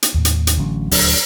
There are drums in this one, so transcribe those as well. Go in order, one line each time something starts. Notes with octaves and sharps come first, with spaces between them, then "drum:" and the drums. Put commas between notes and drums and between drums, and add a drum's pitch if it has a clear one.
drum: hi-hat
D#2 A2
drum: hi-hat
drum: hi-hat
A1 D3 F#3 C#4
D#1 D2 F#3 D4, drum: open hi-hat